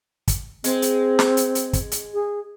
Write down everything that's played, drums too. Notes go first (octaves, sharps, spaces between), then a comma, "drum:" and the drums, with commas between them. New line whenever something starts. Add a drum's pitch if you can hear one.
drum: kick, hi-hat
G#3 C4, drum: hi-hat
drum: hi-hat
drum: snare
drum: hi-hat
drum: hi-hat
drum: kick, hi-hat
drum: hi-hat
G#4